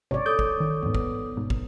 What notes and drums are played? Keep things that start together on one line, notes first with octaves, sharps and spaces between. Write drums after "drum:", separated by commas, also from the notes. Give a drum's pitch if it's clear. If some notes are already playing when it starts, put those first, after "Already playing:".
G#1 G#2 C3 C#5 D5
A4 D6 D#6 G6
drum: kick
D#3
E2 G#2 B3
drum: kick
G#2 B2
drum: kick